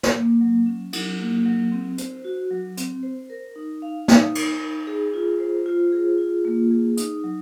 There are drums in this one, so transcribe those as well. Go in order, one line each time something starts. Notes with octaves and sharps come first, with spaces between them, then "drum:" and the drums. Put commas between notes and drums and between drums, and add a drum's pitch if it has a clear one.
drum: snare
A#3
F#3
C#4
F#3, drum: cymbal
A#3
F#3
C4
C5, drum: hi-hat
F#4
F#3
C4, drum: hi-hat
C5
A#4
D#4
F5
D#4, drum: snare
A#4, drum: cymbal
D#4
G#4
F4
C5
F4
G#4
F4
A#3
G#4
D#4, drum: hi-hat
F#3